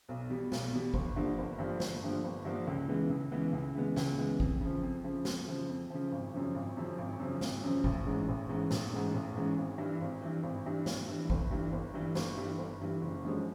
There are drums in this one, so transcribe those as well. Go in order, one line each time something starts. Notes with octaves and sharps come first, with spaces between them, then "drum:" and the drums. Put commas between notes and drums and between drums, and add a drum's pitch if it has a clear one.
B1
B2 G3
B1, drum: snare
B2 G3
G1, drum: kick G#1
G2 D3 F3 A#3
G1
G2 D3 F3 A#3
G1, drum: snare
G2 D3 F3 A#3
G1
G2 D3 F3 A#3
C#2
C#3 E3 G#3 B3
C#2
C#3 E3 G#3 B3
C#2
C#3 E3 G#3 B3
C#2, drum: snare
C#3 E3 G#3 B3
F2, drum: kick G#1
C#3 F3
F2
C#3 F3
F2, drum: snare
C#3 F3
F2
C#3 F3
G#1
F#2 C#3 F3
G#1
F#2 C#3 F3
G#1
F#2 C#3 F3
G#1, drum: snare
F#2 C#3 F3
A1, drum: kick G#1
G#2 E3 G#3 C#4
A1
G#2 E3 G#3 C#4
A1, drum: snare
G#2 E3 G#3 C#4
A1
G#2 E3 G#3 C#4
G#1
G2 E3
G#1
G2 E3
G#1
G2 E3
G#1, drum: snare
G2 E3
G1, drum: kick G#1
G2 E3 G3
G1
G2 E3 G3
G1, drum: snare
G2 E3 G3
G1
G2 E3 G3
F#1
F#2 D3 F3 G#3